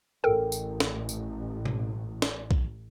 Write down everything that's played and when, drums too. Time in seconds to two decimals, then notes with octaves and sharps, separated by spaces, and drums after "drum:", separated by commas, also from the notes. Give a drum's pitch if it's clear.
0.24 A1 A4 A#4 G5
0.52 drum: tambourine
0.80 drum: snare
1.09 drum: tambourine
1.66 drum: tom B2
2.22 drum: snare
2.51 drum: kick B1